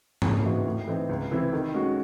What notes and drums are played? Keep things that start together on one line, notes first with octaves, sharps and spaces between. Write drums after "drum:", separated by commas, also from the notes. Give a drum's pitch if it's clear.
C#3, drum: tom G#2
E3 C4 D#4 F#4
A2
E3 C4 D#4
C#2
C3 E3 C4 E4
D#3
G#3 C#4 F#4